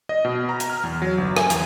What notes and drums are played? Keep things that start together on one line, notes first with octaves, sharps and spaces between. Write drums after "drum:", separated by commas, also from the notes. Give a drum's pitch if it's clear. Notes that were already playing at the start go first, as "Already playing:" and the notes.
D#5
B2
A#5
drum: hi-hat
F6
E2
F#3
G1
G#5, drum: rim click
E2, drum: hi-hat